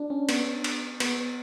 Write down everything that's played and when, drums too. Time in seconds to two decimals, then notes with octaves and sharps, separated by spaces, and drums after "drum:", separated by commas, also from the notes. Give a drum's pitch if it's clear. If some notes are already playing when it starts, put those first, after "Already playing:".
Already playing: D4
0.10 C#4
0.29 B3, drum: cymbal
0.64 drum: cymbal
1.00 B3, drum: cymbal